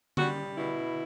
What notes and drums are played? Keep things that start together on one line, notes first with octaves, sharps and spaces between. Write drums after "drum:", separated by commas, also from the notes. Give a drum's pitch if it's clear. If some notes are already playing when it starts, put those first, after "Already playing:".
G3 F#4, drum: tom D3
B2 E4